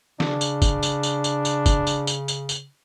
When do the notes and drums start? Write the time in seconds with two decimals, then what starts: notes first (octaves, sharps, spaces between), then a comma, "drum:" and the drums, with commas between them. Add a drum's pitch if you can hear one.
0.20 C#3 D4, drum: snare
0.41 drum: tambourine
0.62 drum: kick, tambourine
0.83 drum: tambourine
1.03 drum: tambourine
1.24 drum: tambourine
1.45 drum: tambourine
1.66 drum: kick, tambourine
1.87 drum: tambourine
2.07 drum: tambourine
2.28 drum: tambourine
2.49 drum: tambourine